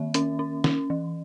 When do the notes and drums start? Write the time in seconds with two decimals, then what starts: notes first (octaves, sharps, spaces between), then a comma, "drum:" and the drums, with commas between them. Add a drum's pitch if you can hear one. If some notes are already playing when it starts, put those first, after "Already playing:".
Already playing: D#3 A#3 E5
0.14 C#4, drum: hi-hat
0.39 C#4
0.64 C#4, drum: snare
0.90 E3